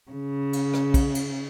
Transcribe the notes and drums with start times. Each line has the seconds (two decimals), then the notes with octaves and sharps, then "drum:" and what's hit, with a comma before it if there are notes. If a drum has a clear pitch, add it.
0.11 C#3
0.53 drum: cymbal
0.74 drum: rim click
0.94 drum: kick, cymbal
1.15 drum: cymbal